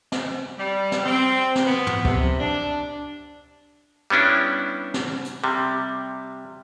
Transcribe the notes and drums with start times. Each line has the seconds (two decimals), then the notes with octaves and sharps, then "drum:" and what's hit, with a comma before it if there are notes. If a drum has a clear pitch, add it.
0.12 drum: snare
0.58 G3
0.92 drum: snare
1.06 C4
1.55 drum: snare
1.66 B3
1.87 drum: tom
2.05 C3, drum: kick C#2
2.39 D4
4.10 G3 B3 C#4 D4 E4
4.94 drum: snare
5.25 drum: hi-hat
5.44 C3 G3